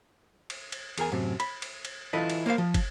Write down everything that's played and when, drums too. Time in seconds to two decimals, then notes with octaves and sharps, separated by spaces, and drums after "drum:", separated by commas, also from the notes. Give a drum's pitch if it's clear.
0.50 drum: cymbal
0.72 drum: cymbal
0.98 E2 G#4 A#4 G#5, drum: cymbal
1.12 F#2 A2 C3
1.40 B5, drum: cymbal
1.62 drum: cymbal
1.85 drum: cymbal
2.13 E3 E4 F4 A4 B4 D#5
2.30 drum: cymbal
2.46 A#3 A#4 C5 F5
2.58 F3
2.74 drum: kick, cymbal